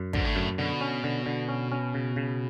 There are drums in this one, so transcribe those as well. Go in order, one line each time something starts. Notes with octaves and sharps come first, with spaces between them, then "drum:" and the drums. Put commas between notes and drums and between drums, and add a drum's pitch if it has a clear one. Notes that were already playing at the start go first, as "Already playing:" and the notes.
Already playing: F#2
G#2 D3, drum: kick
A2
F#2
B2 D3
C#4
D3
D3
C#4
C#4
C#3
C#3